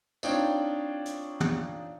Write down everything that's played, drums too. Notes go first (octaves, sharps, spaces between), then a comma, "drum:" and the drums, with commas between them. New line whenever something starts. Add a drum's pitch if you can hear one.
C4 D4 D#4 F4 C#5 G5, drum: tambourine
drum: hi-hat
drum: tom